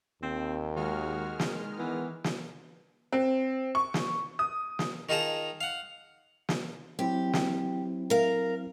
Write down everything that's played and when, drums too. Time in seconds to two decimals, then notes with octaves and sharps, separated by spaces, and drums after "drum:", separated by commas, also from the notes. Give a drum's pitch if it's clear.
0.22 D#2 C4
0.76 D#3 G#3 F#4 F6
1.40 drum: snare
1.78 E3 B3
2.24 drum: snare
3.12 C4
3.75 C#6
3.94 drum: snare
4.39 D#6
4.79 drum: snare
5.09 D#3 D#4 F4 G#4 A5 A#5
5.61 F5 F#5
6.49 drum: snare
6.99 F#3 C4 E4 G4
7.33 drum: snare
8.10 A#4 F5